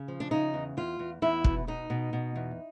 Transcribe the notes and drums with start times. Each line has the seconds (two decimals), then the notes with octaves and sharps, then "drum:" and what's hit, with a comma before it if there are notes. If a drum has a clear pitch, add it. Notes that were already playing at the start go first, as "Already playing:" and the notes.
Already playing: C#3
0.08 F3
0.20 D4
0.31 C#3 D#4
0.54 E2
0.77 E2 F4
0.99 E2
1.22 E2 E4
1.44 B2, drum: kick
1.67 B2 D#4
1.90 B2
2.13 B2
2.36 E2